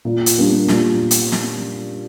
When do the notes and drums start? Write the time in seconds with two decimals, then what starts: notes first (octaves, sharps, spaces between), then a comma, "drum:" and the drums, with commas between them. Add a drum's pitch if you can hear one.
0.05 A#2
0.26 drum: hi-hat
0.37 G3 A#3 D4
0.68 A#2, drum: snare
1.11 drum: hi-hat
1.32 drum: snare